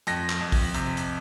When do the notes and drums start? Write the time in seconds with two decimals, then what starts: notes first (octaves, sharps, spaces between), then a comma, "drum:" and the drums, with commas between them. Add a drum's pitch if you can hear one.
0.07 F2 A#6, drum: hi-hat
0.30 drum: clap
0.41 F2
0.52 drum: kick, open hi-hat
0.74 C3, drum: hi-hat
0.97 drum: hi-hat